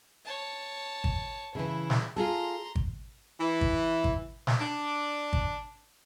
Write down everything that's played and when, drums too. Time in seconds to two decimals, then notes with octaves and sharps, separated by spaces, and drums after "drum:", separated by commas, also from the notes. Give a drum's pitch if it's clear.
0.25 C#5 A5
1.04 drum: kick G#1
1.55 C#3 E3 E4
1.90 drum: snare
2.16 F4 G#4 A4 A#5 C6
2.75 drum: kick G#1
3.40 E3
3.61 drum: kick G#1
4.04 drum: kick G#1
4.47 drum: snare
4.60 D4
5.33 drum: kick G#1